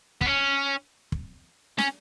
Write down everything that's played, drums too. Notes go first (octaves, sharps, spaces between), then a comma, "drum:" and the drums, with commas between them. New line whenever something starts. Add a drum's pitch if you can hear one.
B3, drum: kick
C#4
drum: kick
C#4, drum: snare